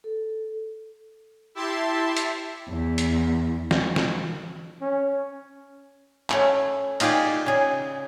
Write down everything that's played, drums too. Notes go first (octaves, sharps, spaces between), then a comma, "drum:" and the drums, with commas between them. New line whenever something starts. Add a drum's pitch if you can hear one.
A4
E4 G4 E5 A5 C6
drum: hi-hat
E2
drum: hi-hat
drum: snare
drum: snare
C#4
A3 C#4, drum: clap
D#4 F4 G4 G#4 D5, drum: cymbal
C#3 G#4